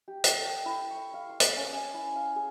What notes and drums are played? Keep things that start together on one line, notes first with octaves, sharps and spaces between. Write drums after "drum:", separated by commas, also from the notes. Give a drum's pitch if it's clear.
G4
A4, drum: hi-hat
G5
E4
C#6
F5
C6
drum: hi-hat
C#4
G#5
E4
F5
G#4